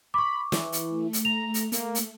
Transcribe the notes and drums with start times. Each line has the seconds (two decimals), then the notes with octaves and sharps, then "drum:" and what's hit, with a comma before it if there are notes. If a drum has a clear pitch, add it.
0.14 B5 C#6 D6
0.52 E3, drum: snare
0.72 drum: hi-hat
0.89 A3
1.13 drum: hi-hat
1.25 A#5 F7
1.54 drum: hi-hat
1.72 A#3, drum: hi-hat
1.95 drum: hi-hat